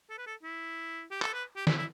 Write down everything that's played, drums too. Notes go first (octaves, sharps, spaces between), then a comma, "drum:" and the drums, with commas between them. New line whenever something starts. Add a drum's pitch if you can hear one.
A4
B4
A4
E4
G4
A4, drum: clap
B4
G4
E4, drum: snare
E4